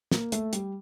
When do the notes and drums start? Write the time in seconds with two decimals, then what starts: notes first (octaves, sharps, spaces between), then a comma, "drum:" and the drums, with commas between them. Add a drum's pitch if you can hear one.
0.11 A#3, drum: snare
0.32 A3, drum: hi-hat
0.53 G3, drum: hi-hat